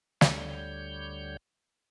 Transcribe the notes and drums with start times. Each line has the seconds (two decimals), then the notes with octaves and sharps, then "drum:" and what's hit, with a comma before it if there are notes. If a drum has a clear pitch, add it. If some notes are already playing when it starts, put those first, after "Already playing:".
0.21 D2 D3 G3 C#5 G6, drum: snare